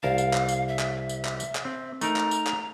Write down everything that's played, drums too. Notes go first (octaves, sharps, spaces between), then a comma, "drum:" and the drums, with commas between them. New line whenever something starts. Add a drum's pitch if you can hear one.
C2 A#4 F5 A5
drum: tambourine
drum: clap
drum: tambourine
E5
drum: clap
drum: tambourine
drum: clap
drum: tambourine
drum: clap
C4
A3 D#4 A#4 A#5, drum: tambourine
drum: clap
drum: tambourine
drum: clap